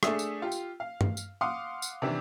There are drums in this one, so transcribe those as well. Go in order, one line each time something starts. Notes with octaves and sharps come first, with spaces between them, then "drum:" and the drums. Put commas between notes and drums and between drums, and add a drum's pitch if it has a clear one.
A3 D4 G#4 E5 D#6, drum: rim click
drum: tambourine
F4 G4
drum: tambourine
F5
drum: tom G2
drum: tambourine
F5 F#5 C6 D6 D#6
drum: tambourine
C3 D#3 E3 D4